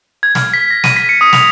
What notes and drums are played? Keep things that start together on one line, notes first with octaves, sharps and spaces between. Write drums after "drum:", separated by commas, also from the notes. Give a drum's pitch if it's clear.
G#6
F6, drum: snare
B6
A#6
D#7, drum: snare
B6
C#7
D#6
F7, drum: snare